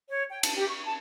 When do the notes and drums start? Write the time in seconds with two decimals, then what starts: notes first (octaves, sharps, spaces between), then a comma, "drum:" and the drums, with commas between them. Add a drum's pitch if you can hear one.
0.09 C#5
0.30 G5
0.43 A5, drum: cymbal
0.57 G4
0.69 C#6
0.85 A5